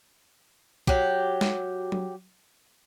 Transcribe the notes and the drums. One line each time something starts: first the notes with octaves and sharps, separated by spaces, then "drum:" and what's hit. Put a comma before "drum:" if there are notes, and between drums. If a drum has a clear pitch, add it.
F#3 G4, drum: kick
drum: snare
drum: tom F#3